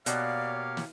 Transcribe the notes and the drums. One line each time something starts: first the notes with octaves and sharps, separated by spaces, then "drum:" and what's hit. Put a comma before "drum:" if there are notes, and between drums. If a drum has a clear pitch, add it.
B2 A#3 G4 C#5 D5 F5, drum: hi-hat
drum: snare